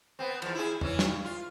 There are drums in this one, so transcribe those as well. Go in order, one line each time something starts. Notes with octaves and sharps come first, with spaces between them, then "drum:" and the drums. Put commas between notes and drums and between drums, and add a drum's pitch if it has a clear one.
B3 C4
E2 F3, drum: cymbal
E4 G#4
E3 C#4 E4, drum: tom E2
G2, drum: snare
F4